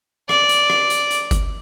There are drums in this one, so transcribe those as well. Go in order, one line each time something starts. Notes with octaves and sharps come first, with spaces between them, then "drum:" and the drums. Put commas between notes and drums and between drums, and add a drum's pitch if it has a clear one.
D5, drum: rim click
drum: hi-hat
drum: rim click
drum: hi-hat
drum: hi-hat
drum: kick G1, hi-hat